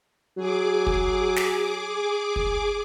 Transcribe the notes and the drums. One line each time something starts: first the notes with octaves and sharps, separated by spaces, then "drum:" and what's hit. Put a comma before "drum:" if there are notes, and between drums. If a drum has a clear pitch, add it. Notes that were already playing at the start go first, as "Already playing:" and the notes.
F#3 G#4 D6
drum: kick
drum: snare
drum: kick